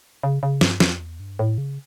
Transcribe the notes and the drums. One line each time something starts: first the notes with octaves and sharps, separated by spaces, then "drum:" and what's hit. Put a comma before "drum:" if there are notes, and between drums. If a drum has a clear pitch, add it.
C#3
C#3
G2, drum: snare
F2, drum: snare
E2
G2
A2
C#3